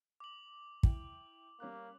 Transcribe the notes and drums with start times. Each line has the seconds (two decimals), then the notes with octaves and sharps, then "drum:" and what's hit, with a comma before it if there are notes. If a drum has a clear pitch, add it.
0.20 D6 F#7
0.83 E4 G5, drum: kick
1.60 G3 A#3 C#4 F#6